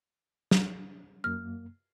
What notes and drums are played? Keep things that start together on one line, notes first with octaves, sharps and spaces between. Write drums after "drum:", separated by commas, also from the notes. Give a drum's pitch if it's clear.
drum: snare
F#2 A#3 F6